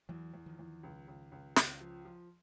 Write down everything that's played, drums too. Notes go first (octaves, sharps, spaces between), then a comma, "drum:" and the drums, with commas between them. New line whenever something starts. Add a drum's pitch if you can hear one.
E2 E3 F#3
E2
D#3 F3
E2
C#2
C#2
C#2
C#2, drum: snare
F3
F3